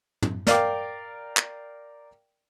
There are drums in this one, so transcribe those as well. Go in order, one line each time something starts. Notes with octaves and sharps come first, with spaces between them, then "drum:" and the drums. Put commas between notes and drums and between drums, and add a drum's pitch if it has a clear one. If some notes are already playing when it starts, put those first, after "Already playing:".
drum: tom
A#4 D5 F5 G5 D6, drum: snare
drum: clap